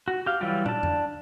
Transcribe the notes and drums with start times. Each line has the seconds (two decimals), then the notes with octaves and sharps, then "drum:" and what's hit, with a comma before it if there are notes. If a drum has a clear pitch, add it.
0.08 F#4
0.26 G4 F5
0.41 E3 F#3 G3 F4 G4
0.66 D4 A5, drum: tom
0.83 drum: tom F2